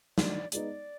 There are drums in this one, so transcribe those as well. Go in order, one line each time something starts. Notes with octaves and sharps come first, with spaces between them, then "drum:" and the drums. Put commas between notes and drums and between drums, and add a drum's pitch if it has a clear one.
D#3 F#3 A3 D4 D5, drum: snare
G#3 B3 D#4 D5, drum: hi-hat